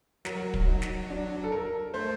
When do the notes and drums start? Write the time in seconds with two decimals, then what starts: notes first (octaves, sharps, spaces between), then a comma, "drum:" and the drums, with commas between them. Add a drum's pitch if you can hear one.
0.25 F#3 A#4, drum: snare
0.54 drum: kick
0.68 D#4
0.82 drum: snare
1.10 D4
1.44 A4
1.52 A#4
1.94 A3 C5